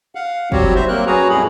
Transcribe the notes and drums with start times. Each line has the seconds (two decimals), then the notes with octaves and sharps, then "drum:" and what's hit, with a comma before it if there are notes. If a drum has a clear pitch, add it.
0.15 F5 F#5
0.52 F#3 G3 C4 F#4 G4 C#5, drum: kick
0.75 C5 E5
0.88 F#3 G3 A#3 C4 A#4 F#6
1.07 F#2 F#4 G#4 B4 C#5 A#5
1.29 F2 A2 G3 E4 G#4 B5